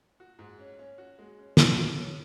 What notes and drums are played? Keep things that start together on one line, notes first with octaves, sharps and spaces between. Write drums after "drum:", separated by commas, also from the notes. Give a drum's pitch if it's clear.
F#4
G#2
C#4
C#4
F#4
G#3
C#4
C#4, drum: snare
G#2
C#4